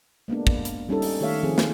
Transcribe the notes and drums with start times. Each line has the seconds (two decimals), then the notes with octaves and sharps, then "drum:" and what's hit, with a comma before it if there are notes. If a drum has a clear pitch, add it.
0.28 G#3 A#3 B3 D4
0.47 drum: kick
0.65 drum: hi-hat
0.89 G3 C#4 D#4 A4
1.02 drum: open hi-hat
1.21 D#3 A3 G4 C#5 E5 F5
1.43 D#3 F3 C4 G#4
1.58 drum: snare